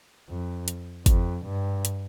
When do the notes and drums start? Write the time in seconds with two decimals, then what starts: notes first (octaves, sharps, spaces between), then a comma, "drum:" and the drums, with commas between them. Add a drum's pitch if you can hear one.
0.29 F2
0.68 drum: hi-hat
1.06 F2, drum: kick G1, hi-hat
1.46 G2
1.85 drum: hi-hat